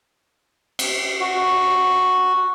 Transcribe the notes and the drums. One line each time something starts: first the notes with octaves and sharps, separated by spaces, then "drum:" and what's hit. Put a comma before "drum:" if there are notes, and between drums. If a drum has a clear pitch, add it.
drum: cymbal
F#4